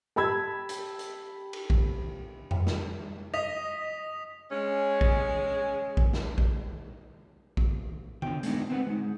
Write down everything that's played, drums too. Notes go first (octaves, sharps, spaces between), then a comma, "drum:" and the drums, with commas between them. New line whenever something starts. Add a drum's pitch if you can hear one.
G4 A5 B5 E6 G#6
drum: hi-hat
drum: hi-hat
drum: cymbal
drum: kick A#1
drum: tom F2
drum: snare
D#5 D#6 B6 F7
G#3 C#4
drum: kick A#1
drum: kick A#1
drum: snare
drum: kick A#1
drum: kick A#1
D3 G5, drum: tom D3
G#3 A3 B3 D4 D#4, drum: hi-hat
C4 B4 F#5
G#3 D#4